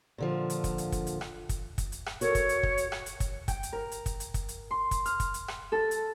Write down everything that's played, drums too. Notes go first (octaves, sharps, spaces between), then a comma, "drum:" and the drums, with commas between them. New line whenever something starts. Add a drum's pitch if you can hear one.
A#2 D3 F3
drum: hi-hat
drum: kick, hi-hat
drum: hi-hat
drum: kick, hi-hat
drum: hi-hat
drum: rim click
drum: kick, hi-hat
drum: kick, hi-hat
drum: hi-hat
drum: rim click
F#4 A4 A#4 C#5, drum: hi-hat
drum: kick, hi-hat
drum: hi-hat
drum: kick
drum: hi-hat
drum: rim click
drum: hi-hat
drum: kick, hi-hat
G5, drum: kick, hi-hat
drum: hi-hat
A#4
drum: hi-hat
drum: kick, hi-hat
drum: hi-hat
drum: kick, hi-hat
drum: hi-hat
C6
drum: kick, hi-hat
F6, drum: hi-hat
drum: kick, hi-hat
drum: hi-hat
drum: rim click
A4
drum: hi-hat